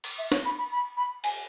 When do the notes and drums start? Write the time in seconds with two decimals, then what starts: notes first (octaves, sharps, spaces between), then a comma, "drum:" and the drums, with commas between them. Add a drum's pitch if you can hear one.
0.04 drum: cymbal
0.18 E5
0.32 C#5, drum: snare
0.45 B5
0.58 B5
0.71 B5
0.97 B5
1.24 G#5, drum: cymbal